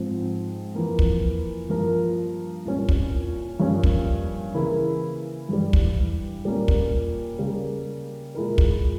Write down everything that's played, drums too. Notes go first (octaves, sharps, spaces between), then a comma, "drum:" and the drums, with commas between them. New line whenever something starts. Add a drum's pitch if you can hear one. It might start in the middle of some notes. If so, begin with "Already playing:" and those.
Already playing: G#2 F3 C4
F2 E3 A#3
drum: kick
G2 F3 A#3 F4 A#4
C2 A#2 G3 C#4
drum: kick
G2 F3 A#3 C#4
drum: kick
C#3 E3 A#3 E4 A#4
G2 E3 G3
drum: kick
A#2 G3 A#3 C#4
drum: kick
C#3 G3 A#3
A#2 G#3 E4 A#4
drum: kick